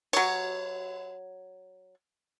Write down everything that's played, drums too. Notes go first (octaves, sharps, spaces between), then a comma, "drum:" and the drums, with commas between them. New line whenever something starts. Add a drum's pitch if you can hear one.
F#3 C#5, drum: cymbal